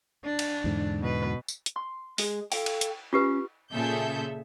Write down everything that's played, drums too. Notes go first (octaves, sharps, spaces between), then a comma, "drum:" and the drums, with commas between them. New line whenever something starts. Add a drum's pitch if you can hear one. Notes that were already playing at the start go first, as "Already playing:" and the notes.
D4
drum: cymbal
E2 G#2 D3
B2 B4
drum: tambourine
drum: hi-hat
C6
G#3 G#4, drum: open hi-hat
A4 F5 G5, drum: open hi-hat
drum: cymbal
drum: hi-hat
C#4 F4 G4 B4
A#2 C#3 G#4 A4 E5 G6